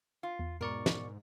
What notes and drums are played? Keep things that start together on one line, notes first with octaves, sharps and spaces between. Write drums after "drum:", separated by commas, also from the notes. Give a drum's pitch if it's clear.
F4
E2
G#2 B2 A#4 D5 C#6
drum: snare